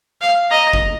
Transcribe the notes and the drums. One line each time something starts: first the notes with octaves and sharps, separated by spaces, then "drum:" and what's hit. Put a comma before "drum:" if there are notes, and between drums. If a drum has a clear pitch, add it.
F5
D#5 A#5
drum: kick